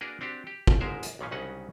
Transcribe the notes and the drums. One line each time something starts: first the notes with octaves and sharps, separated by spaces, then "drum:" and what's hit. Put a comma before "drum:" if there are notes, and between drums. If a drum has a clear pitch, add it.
A#3 D4 F#4 G#4 A#4 B4
C4 D4 F#4 G4
G4
drum: kick
G1 G#2 G#3 A#4 C5 E5
drum: hi-hat
B1 A#2 C#3 C#4
C2 C#3 F#3 C#4 D#4 F#5